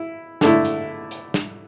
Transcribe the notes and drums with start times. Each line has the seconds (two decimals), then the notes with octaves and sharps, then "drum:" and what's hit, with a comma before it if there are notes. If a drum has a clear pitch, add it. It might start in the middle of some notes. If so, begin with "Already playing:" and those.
Already playing: E4
0.41 D3 A3 E4, drum: snare
0.65 drum: hi-hat
1.11 drum: hi-hat
1.34 drum: snare